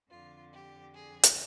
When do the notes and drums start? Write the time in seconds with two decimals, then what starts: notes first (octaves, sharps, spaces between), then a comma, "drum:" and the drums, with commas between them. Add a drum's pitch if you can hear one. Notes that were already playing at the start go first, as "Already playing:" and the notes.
0.10 F2 D3 F4
0.53 G4
0.95 G#4
1.23 drum: hi-hat